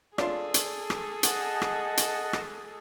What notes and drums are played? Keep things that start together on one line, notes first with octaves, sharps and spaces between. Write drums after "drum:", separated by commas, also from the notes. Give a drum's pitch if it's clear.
D4 F4 G#4 A4 C6, drum: rim click
drum: hi-hat
drum: rim click
D#5 F#5 A5, drum: hi-hat
drum: rim click
drum: hi-hat
drum: rim click